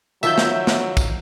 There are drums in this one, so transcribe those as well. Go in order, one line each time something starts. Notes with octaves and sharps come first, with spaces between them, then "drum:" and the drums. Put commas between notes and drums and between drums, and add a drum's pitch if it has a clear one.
D#3 F3 F#3 E5 G6, drum: tambourine
drum: snare
drum: snare
drum: kick, tambourine